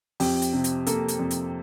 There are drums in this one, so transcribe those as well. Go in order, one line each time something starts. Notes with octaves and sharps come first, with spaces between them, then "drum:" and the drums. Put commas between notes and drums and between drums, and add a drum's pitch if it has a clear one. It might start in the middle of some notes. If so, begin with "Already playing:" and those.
F2 G4, drum: open hi-hat
drum: hi-hat
C3
drum: hi-hat
A#3 A4, drum: hi-hat
drum: hi-hat
F2
drum: hi-hat